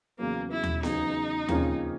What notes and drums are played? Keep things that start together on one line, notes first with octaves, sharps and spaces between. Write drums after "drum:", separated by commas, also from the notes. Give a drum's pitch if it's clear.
E2 C#3 F#3 A#3
E4
drum: tom D#2
E2 C#3 F#3 D#4, drum: snare B3
F2 C#3 F3 A#3 C#4, drum: tom D#2